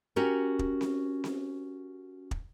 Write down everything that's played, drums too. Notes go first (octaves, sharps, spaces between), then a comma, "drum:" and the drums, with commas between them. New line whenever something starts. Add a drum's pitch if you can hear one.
C#4 F#4 G4 A#4
drum: kick
drum: snare C4
drum: snare C4
drum: kick